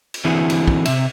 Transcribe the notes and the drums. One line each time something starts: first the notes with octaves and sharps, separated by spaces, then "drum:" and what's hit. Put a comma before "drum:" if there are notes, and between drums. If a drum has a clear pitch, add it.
drum: cymbal
D3 E3 C4 E4 F#4 G#4
drum: cymbal
drum: kick
C3 E5, drum: cymbal